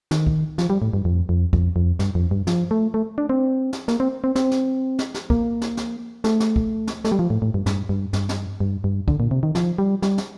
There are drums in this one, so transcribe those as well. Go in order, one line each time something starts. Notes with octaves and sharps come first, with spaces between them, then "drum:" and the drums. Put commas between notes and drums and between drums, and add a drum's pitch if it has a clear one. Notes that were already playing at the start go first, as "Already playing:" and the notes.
D#3, drum: snare
drum: kick
F3, drum: snare
G3
A2
G2
F2
F2
F2, drum: kick
F2
G2, drum: snare
F2
G2
F3, drum: snare
A3
A3
D4
C4
drum: snare
A#3, drum: snare
C4
C4
C4, drum: snare
drum: snare
drum: snare
drum: snare
A#3, drum: kick
drum: snare
drum: snare
A3, drum: snare
drum: snare
drum: kick
drum: snare
A3, drum: snare
G3
F3
A2
A2
G2
G2, drum: snare
G2
G2, drum: snare
drum: snare
G2
G2
D3, drum: kick
A#2
C3
D#3
F3, drum: snare
G3
G3, drum: snare
drum: snare